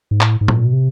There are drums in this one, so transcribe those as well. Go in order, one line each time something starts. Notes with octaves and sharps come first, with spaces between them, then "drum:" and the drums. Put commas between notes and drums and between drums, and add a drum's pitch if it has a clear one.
G#2
A2, drum: clap
G#2
A2, drum: tom A2
A#2
B2
C3